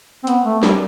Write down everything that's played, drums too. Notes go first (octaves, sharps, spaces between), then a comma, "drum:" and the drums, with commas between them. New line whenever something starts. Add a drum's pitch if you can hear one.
C4
B3, drum: hi-hat
A3
G3, drum: snare